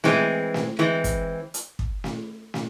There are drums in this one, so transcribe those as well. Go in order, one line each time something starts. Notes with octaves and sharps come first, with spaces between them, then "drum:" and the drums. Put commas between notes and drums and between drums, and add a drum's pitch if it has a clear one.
E3 G#3 C4, drum: snare
drum: snare
E3 G#3 C4
drum: kick, hi-hat
drum: hi-hat
drum: kick
drum: snare
drum: snare